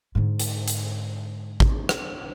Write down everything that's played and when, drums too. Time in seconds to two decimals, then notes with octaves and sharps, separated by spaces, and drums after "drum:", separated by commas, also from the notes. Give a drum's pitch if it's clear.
0.15 G#2 D3
0.39 drum: hi-hat
0.68 drum: hi-hat
1.60 drum: kick
1.89 drum: rim click